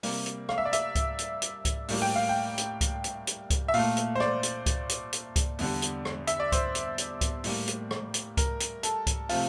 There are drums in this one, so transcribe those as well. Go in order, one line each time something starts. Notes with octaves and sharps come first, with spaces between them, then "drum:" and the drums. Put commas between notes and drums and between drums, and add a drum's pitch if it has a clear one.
C3 G3 A#3, drum: open hi-hat
drum: hi-hat
F5, drum: rim click
E5
D5
E5, drum: hi-hat
drum: kick C#2, hi-hat
drum: hi-hat
drum: hi-hat
drum: kick C#2, hi-hat
A2 G3 A#3, drum: open hi-hat
G5
F5
G5
drum: hi-hat
drum: kick C#2, hi-hat
drum: hi-hat
drum: hi-hat
drum: kick C#2, hi-hat
E5
A#2 A3 F5, drum: open hi-hat
drum: hi-hat
C5
D5, drum: rim click
drum: hi-hat
drum: kick C#2, hi-hat
drum: hi-hat
drum: hi-hat
drum: kick C#2, hi-hat
E2 D3 G3, drum: open hi-hat
drum: hi-hat
drum: rim click
E5, drum: hi-hat
D5
C5, drum: kick C#2, hi-hat
drum: hi-hat
drum: hi-hat
drum: kick C#2, hi-hat
A2 G3 A#3, drum: open hi-hat
drum: hi-hat
drum: rim click
drum: hi-hat
A#4, drum: kick C#2, hi-hat
drum: hi-hat
A4, drum: hi-hat
drum: kick C#2, hi-hat
C3 F3 A3 F4, drum: open hi-hat